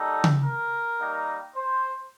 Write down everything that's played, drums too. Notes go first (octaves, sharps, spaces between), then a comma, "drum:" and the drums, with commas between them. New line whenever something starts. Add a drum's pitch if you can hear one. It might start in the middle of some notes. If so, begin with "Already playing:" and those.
Already playing: G3 A#3 D#4 A4
drum: tom C#3
A#4
G3 A#3 D#4
C5